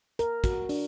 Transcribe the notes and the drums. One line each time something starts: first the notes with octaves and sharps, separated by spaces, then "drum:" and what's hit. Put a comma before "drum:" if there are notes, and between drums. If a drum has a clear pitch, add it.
A#4, drum: hi-hat
F#4, drum: kick, hi-hat
D4, drum: open hi-hat